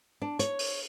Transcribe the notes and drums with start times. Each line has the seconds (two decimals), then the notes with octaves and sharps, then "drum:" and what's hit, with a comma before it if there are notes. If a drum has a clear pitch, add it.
0.22 D4
0.39 C#5, drum: hi-hat
0.59 drum: open hi-hat